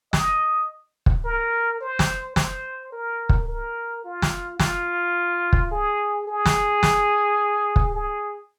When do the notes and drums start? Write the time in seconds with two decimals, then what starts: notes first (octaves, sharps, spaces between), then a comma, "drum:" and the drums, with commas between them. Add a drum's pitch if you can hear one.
0.13 D#5, drum: snare
1.06 drum: kick
1.25 A#4
1.81 C5
1.99 drum: snare
2.36 C5, drum: snare
2.93 A#4
3.29 drum: kick
3.48 A#4
4.04 F4
4.22 drum: snare
4.60 F4, drum: snare
5.53 drum: kick
5.71 G#4
6.27 G#4
6.46 drum: snare
6.83 drum: snare
7.76 drum: kick
7.95 G#4